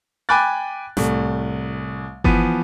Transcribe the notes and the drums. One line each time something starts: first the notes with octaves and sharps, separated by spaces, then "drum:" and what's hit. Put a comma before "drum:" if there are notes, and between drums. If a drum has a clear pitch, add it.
G5 G#5 B5 D6 F#6 A6
C2 A2, drum: snare
E3 F3 B3, drum: kick G1